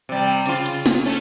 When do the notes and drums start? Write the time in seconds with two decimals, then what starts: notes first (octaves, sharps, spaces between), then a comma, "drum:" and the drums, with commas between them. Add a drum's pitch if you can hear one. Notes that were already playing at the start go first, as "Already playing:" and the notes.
0.09 C3 G3
0.46 C#3 F4, drum: hi-hat
0.66 drum: hi-hat
0.86 drum: snare
1.06 A3 C#4